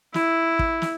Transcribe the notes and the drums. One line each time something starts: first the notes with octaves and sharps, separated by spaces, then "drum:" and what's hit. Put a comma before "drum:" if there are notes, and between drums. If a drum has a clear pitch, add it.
E4, drum: snare
drum: kick
drum: snare